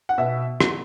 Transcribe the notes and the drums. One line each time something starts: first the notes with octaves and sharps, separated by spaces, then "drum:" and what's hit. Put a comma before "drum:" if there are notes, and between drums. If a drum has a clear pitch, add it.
F#5
B2 E5
drum: rim click